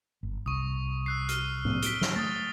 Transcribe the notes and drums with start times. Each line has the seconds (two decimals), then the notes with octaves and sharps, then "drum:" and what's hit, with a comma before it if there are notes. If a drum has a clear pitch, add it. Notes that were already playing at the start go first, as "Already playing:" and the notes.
0.23 G1
0.46 C2 C#6 D#6
1.06 E6 F#6 C7
1.29 F6 D#7, drum: hi-hat
1.65 drum: tom
1.82 B6 D7 G7, drum: hi-hat
2.01 drum: snare
2.16 A3 D#6 A6